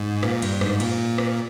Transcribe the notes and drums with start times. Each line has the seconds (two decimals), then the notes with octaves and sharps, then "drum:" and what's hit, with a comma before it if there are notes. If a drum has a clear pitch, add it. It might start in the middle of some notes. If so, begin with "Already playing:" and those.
Already playing: G#2
0.23 A#2, drum: rim click
0.42 G2, drum: cymbal
0.61 G#2, drum: rim click
0.80 A#2, drum: cymbal
1.18 drum: rim click